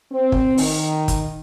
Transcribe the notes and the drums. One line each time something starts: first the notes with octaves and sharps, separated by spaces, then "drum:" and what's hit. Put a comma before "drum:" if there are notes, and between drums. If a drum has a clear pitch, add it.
C4
drum: kick
D#3, drum: open hi-hat
drum: kick, hi-hat